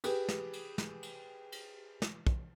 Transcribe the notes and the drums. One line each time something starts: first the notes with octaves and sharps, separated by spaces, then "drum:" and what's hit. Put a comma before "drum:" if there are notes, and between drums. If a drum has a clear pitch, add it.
G4 G#4 B4, drum: cymbal
drum: snare
drum: cymbal
drum: snare
drum: cymbal
drum: cymbal
drum: snare
drum: kick